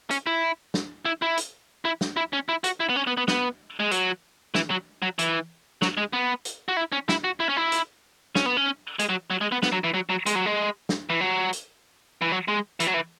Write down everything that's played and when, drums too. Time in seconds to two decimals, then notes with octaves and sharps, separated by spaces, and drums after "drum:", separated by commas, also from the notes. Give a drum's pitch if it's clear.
0.11 C#4, drum: hi-hat
0.26 E4
0.74 drum: snare
1.05 E4
1.22 E4
1.37 drum: hi-hat
1.85 E4
2.01 drum: snare
2.17 E4
2.33 C#4
2.49 E4
2.64 F#4, drum: hi-hat
2.80 E4
2.89 B3
2.96 C#4
3.07 B3
3.17 B3
3.28 B3, drum: snare
3.80 G#3
3.91 F#3, drum: hi-hat
4.55 E3, drum: snare
4.70 F#3
5.02 F#3
5.19 E3, drum: hi-hat
5.82 F#3, drum: snare
5.97 G#3
6.13 B3
6.45 drum: hi-hat
6.68 F#4
6.77 E4
6.92 C#4
7.09 E4, drum: snare
7.24 F#4
7.40 E4
7.49 C#4
7.57 E4
7.72 drum: hi-hat
8.35 C#4, drum: snare
8.46 B3
8.57 C#4
8.99 G#3, drum: hi-hat
9.09 F#3
9.31 F#3
9.41 G#3
9.52 B3
9.63 B3, drum: snare
9.72 F#3
9.84 E3
9.94 F#3
10.10 F#3
10.26 G#3, drum: hi-hat
10.35 F#3
10.46 G#3
10.89 drum: snare
11.10 E3
11.21 F#3
11.53 drum: hi-hat
12.22 E3
12.32 F#3
12.48 G#3
12.80 E3, drum: hi-hat
12.87 F#3
12.94 E3